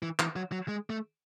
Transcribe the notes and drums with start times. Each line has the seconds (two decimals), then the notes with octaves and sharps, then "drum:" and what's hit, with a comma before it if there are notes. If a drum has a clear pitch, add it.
0.03 E3
0.19 E3, drum: clap
0.36 F#3
0.52 F#3
0.68 G#3
0.90 A3